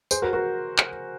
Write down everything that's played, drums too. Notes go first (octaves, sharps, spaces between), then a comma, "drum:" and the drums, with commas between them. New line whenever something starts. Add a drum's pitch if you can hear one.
G#4 C5, drum: tambourine
F#4 A#4
F#4 A#4
drum: clap